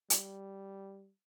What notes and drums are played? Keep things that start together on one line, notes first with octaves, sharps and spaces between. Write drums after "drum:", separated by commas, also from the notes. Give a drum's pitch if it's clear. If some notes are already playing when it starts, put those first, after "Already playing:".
G3, drum: hi-hat